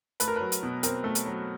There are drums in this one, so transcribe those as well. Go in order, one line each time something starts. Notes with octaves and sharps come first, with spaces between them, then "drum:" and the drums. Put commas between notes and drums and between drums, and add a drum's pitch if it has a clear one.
A3 B4, drum: hi-hat
A#4
F#3 B4
drum: hi-hat
B2
C4 A#4, drum: hi-hat
A3
drum: hi-hat
F#3